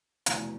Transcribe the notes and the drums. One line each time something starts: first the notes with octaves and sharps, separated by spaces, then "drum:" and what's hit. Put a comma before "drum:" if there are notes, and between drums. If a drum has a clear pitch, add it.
F1 E2 B2, drum: hi-hat